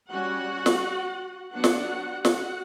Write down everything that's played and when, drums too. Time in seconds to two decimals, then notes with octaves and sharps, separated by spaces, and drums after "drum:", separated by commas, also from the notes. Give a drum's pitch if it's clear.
0.11 G3 C#4 F#4 F#5
0.66 drum: snare
1.53 F#3 B3 D4 F#4 F#5
1.64 drum: snare
2.25 F#4 F#5, drum: snare